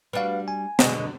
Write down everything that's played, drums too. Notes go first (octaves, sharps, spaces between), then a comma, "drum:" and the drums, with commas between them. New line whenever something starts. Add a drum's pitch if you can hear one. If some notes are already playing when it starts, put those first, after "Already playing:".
G3 D4 F#4 B4 F5
G#5
B2 D3 F#3 G#3 D4, drum: snare